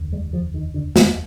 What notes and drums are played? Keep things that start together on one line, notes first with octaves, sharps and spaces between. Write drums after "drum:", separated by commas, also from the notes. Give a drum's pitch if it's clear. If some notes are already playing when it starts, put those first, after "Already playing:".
Already playing: F1 D#2 D3
G3
F3
D#3
D3
D#3, drum: snare